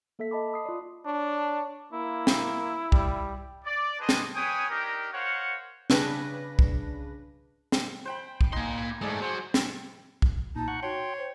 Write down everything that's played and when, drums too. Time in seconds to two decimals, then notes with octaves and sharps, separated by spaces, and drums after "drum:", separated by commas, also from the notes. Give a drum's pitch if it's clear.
0.19 A#3 A4 E5 B6
0.31 D#5 A5 B5 D6
0.52 B5 D#6 C7
0.65 F4 D5
1.06 D4 C#5
1.92 A#3 E4
2.27 drum: snare
2.92 G3, drum: kick C2
3.65 D5
3.99 D4 G#4 B4 C5 D#5 A5
4.09 drum: snare
4.35 G4 B4 C#5 G5 G#5 D#6
4.70 D4 D#4 G4 A#4
5.13 A#4 C5 C#5 F5 F#5
5.90 C#3 D4 B4 A#6, drum: snare
6.59 drum: kick C2
7.72 drum: snare
8.05 C5 G5 B5
8.41 drum: kick C2
8.53 A#3 D#4 G#5 C6
9.01 G#2 A3 G#4 D5
9.22 F#3 C5
9.54 drum: snare
10.22 drum: kick C2
10.56 A#2 D#4 A5
10.68 F#5 C#6 F#6
10.83 F#4 C#5 G5 C6
11.18 C5